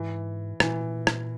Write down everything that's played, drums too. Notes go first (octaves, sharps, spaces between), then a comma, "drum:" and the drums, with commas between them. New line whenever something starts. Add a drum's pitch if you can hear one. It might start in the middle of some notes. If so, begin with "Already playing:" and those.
Already playing: G#2 E3
A#2 E3, drum: rim click
drum: rim click